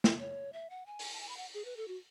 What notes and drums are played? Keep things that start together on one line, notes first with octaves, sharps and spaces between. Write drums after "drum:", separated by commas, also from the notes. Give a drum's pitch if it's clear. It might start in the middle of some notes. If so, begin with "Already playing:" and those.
drum: snare
C#5
E5
F#5
G#5
drum: open hi-hat
A5
G#5
B5
F#5
G#4
B4
A4
F#4